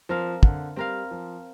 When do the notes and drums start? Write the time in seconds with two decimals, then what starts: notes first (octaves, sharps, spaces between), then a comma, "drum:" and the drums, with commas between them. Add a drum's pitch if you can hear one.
0.09 F3 C4 A#4 F5
0.43 D3, drum: kick
0.76 G3 C4 A#4 F5
1.11 F3